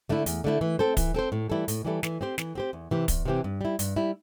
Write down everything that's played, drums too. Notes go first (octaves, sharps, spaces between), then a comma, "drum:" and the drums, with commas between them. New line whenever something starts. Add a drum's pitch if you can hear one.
D3 A3 E4
E2, drum: hi-hat
D3 A3 E4
E3
C4 A4 C5
E3, drum: kick, hi-hat
C4 A4 C5
A2
E3 G3 E4 A4
A2, drum: hi-hat
E3 G3 E4 A4
E3, drum: snare
C4 G4 C5
E3, drum: snare
C4 G4 C5
E2
C3 E3 C4 G4
E2, drum: kick, hi-hat
C3 E3 C4 G4
G2
G3 E4
G2, drum: hi-hat
G3 E4